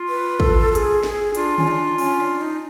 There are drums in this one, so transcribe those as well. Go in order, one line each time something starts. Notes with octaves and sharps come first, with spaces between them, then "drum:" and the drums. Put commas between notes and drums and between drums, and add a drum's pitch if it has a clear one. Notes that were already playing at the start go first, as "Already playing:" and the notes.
Already playing: F4
B4
A4, drum: kick
A4
G#4, drum: hi-hat
G#4, drum: snare
D4 F4, drum: hi-hat
C#4, drum: tom D3
D#4
D4
C#4, drum: open hi-hat
D4
D#4